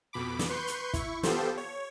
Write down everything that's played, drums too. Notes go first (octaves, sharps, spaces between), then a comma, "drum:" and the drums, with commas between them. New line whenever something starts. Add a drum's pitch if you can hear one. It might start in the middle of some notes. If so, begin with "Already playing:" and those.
F2 B2 B5 D6
drum: snare
B4 C6 C#6 G6
drum: hi-hat
E4 C#6, drum: kick, hi-hat
B3 F4 G4 A4 C5, drum: snare
C#5